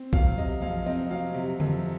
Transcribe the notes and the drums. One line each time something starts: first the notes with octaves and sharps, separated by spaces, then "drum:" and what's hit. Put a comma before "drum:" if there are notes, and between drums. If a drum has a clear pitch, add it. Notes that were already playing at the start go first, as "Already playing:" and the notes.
Already playing: C4
F#3 F5, drum: kick A#1
C3 D#5
F2 F5
C4 D#5
F#3 F5
C3
F2, drum: tom C#3